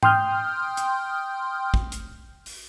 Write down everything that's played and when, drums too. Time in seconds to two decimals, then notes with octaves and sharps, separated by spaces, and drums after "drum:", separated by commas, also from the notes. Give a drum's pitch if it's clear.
0.03 G5 C6 D#6 F6 G6, drum: tom G#2
0.77 drum: hi-hat
1.74 drum: kick
1.92 drum: hi-hat
2.46 drum: open hi-hat